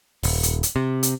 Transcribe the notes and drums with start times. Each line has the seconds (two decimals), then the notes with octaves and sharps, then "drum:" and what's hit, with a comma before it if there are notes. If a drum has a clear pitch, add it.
0.23 D#1, drum: open hi-hat
0.43 drum: hi-hat
0.63 drum: hi-hat
0.76 C3
1.03 drum: hi-hat